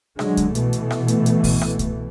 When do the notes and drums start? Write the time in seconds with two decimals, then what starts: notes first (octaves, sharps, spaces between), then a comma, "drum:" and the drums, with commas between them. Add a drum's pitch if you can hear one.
0.19 D3 F#3 G#3, drum: rim click
0.37 drum: kick C2, hi-hat
0.55 B2 E3 A3, drum: hi-hat
0.73 drum: hi-hat
0.90 drum: rim click
1.08 drum: hi-hat
1.26 drum: hi-hat
1.44 drum: kick C2, open hi-hat
1.61 drum: rim click
1.79 drum: kick C2, hi-hat